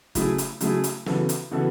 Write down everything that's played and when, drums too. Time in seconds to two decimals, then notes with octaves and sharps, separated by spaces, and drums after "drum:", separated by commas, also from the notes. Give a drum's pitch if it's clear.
0.15 C#3 F#3 A3 E4 G#4, drum: kick, hi-hat
0.38 drum: hi-hat
0.61 C#3 F#3 A3 E4 G#4, drum: hi-hat
0.84 drum: hi-hat
1.06 C#3 E3 B3 F#4 A4, drum: snare
1.29 drum: hi-hat
1.51 C#3 E3 B3 F#4 A4